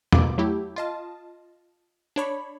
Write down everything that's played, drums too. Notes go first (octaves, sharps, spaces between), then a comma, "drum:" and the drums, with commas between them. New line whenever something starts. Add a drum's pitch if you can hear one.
C2 B2 G#3 A#3 D6, drum: tom E2
F#3 A3 E4 G4
F4 D#5 A5
D4 C#5 B5